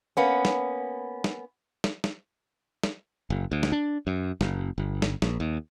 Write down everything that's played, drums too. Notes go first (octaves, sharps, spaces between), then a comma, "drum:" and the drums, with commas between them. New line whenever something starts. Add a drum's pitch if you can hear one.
A#3 B3 C#4
drum: snare
drum: snare
drum: snare
drum: snare
drum: snare
F#1
D2
drum: snare
D4
F#2
F#1, drum: snare
G1
drum: snare
A#1, drum: snare
D#2